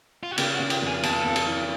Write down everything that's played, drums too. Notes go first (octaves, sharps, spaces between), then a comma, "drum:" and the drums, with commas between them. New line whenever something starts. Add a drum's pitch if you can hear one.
F4
F#4
C#3 G4, drum: cymbal
F#4
C#3
G4, drum: cymbal
F2
G#4
F2 A4, drum: cymbal
F2
drum: cymbal
E3